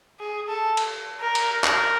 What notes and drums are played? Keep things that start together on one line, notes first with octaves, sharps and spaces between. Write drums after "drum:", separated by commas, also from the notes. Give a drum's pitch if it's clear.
G#4
A4
drum: cymbal
A#4
drum: cymbal
A#4, drum: clap